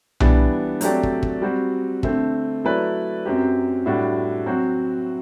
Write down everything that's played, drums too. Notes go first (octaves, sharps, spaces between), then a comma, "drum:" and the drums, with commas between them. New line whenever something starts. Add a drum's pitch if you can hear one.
E3 G3 B3 D4, drum: tom B1
F#3 A3 C4 G4 D5, drum: hi-hat
drum: kick
drum: kick
G3 C4 F#4
D3 A3 C4, drum: kick
F#3 A3 E4 B4 D5
F#2 F#3 C4 G4
A2 G3 D4 F#4
F#3 C4 F#4